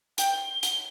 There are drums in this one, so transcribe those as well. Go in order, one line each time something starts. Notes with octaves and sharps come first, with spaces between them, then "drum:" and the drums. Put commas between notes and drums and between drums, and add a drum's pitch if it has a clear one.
G5, drum: hi-hat
G7
drum: hi-hat